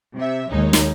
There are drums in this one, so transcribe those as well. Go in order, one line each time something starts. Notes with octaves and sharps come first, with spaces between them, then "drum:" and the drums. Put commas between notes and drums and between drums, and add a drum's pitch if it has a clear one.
C3 E5
D#2 G#3 D#4 C#5
drum: snare